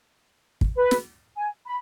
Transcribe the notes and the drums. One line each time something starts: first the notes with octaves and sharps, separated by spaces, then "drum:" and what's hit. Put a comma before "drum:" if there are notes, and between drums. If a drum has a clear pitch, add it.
drum: kick
B4
drum: snare
G#5
B5